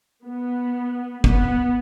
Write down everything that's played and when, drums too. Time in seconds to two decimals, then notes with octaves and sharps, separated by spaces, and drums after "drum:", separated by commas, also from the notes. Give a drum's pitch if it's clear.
0.25 B3
1.24 B3, drum: kick